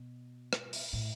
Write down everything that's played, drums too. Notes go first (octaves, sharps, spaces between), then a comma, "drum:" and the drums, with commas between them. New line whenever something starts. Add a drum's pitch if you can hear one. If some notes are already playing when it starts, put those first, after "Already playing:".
Already playing: B2
drum: rim click
drum: open hi-hat
A2